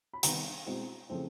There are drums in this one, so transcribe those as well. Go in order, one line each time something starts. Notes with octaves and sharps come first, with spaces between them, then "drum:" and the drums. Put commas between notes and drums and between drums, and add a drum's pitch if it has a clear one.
B5
C3 D#3 G3 B3 D#4 A#5, drum: hi-hat
B2 G#3 C4 E4
C#3 F3 A3 C4 E4